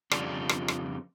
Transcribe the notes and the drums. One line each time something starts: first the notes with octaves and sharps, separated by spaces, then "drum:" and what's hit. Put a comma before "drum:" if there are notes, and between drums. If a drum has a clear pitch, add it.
F2 C#3 G3 D4 F4, drum: rim click
drum: rim click
drum: rim click